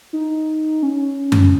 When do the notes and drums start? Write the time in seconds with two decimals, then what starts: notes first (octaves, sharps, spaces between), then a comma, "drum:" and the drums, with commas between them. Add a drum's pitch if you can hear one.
0.13 D#4
0.83 C#4
1.32 drum: tom F#2